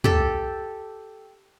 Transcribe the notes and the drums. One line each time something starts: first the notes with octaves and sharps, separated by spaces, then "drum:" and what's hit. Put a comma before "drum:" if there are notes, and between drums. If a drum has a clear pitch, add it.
G4 A4, drum: tom